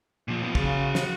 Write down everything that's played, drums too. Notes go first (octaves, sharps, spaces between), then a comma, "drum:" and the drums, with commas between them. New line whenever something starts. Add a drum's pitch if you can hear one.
A#2 F3
F3 B3
C#3 F#4 F5, drum: kick
drum: snare